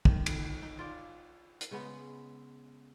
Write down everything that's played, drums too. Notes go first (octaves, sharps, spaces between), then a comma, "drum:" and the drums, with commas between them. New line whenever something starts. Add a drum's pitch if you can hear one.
D#3, drum: kick
drum: cymbal
D#4
F4 D5
drum: hi-hat
C#3 G#3 B3